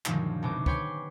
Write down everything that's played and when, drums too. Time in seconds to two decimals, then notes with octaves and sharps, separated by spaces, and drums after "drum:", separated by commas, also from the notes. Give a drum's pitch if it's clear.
0.05 F#2 A#2 D3 D#3 F3 G#3, drum: clap
0.43 C2 B2 G#3 C5 D6
0.66 B4 C#5 G5 G#5 C6 D6, drum: kick